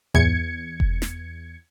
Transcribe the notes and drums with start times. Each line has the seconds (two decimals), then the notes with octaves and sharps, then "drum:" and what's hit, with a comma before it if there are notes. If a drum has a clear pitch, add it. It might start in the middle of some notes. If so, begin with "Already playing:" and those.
0.14 E2 G#6 C#7, drum: tom G#2
0.80 drum: kick F1
1.02 drum: snare